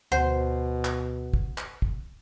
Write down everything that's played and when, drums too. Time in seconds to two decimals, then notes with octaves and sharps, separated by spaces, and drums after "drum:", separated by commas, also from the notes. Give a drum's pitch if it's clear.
0.12 D2 B2 C5 F#5
0.85 drum: clap
1.33 drum: kick
1.58 drum: clap
1.82 drum: kick